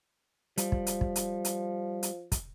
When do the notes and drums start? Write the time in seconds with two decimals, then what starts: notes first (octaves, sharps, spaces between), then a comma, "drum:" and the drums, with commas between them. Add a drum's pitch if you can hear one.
0.58 F3 G3, drum: hi-hat
0.72 drum: kick
0.87 drum: hi-hat
1.01 drum: kick
1.16 drum: hi-hat
1.45 drum: hi-hat
2.03 drum: hi-hat
2.32 drum: kick, hi-hat